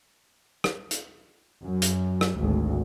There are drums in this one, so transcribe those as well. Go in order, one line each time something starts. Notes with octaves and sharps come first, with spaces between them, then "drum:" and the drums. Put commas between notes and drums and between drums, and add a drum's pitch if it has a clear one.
drum: rim click
drum: hi-hat
F#2
drum: hi-hat
drum: rim click
G#1 D2